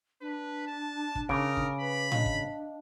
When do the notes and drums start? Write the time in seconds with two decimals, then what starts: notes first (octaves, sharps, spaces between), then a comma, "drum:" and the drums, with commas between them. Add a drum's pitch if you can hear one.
0.22 D4 B4
0.67 A5
1.15 drum: kick
1.29 C#3 A#4 C#6 D6 D7, drum: kick
1.57 drum: kick
1.80 B4 B5
2.12 D4 D#5 F5, drum: tom A2
2.26 drum: kick